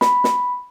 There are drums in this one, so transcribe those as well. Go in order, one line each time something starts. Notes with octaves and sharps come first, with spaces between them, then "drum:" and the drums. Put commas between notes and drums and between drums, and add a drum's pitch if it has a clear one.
B5, drum: snare
drum: snare